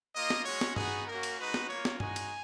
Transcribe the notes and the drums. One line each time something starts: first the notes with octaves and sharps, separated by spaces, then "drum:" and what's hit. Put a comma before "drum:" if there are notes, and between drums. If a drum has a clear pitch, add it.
A#3 F4 D#5
drum: snare
G#3 C#4 F#4 C#5
drum: snare
B3 D#4 F#4 G#4, drum: tom G2
A#3 C#4 F#4 A#4
drum: cymbal
G#3 D#4 F#4 B4
drum: snare
A#3 C#5
F4
drum: snare
G#3 D#4 F#4 G#5, drum: tom G2
drum: cymbal